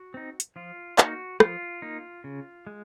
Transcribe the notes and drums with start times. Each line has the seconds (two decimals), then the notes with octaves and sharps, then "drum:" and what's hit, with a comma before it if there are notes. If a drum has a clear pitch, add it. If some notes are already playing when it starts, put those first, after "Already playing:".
Already playing: F#4
0.14 C4 D#4
0.40 drum: hi-hat
0.56 F3 F4
0.98 A#3 D#4 F#4, drum: clap
1.40 F3 F4, drum: rim click
1.82 A#3 D#4
2.24 C#3
2.67 G#3